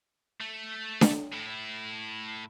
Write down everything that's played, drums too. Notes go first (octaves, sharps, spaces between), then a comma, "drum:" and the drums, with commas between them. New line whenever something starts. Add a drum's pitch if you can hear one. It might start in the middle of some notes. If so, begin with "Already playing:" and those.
A3
drum: snare D4
A2 E4